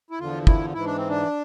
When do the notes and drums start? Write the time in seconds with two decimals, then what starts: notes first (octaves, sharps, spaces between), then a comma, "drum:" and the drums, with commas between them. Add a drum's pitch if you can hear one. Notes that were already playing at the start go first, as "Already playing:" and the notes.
0.11 E4
0.19 E2 D3 F3 F4
0.47 E4, drum: kick
0.73 G#2 E3 E4
0.85 D4
0.97 C4
1.09 D4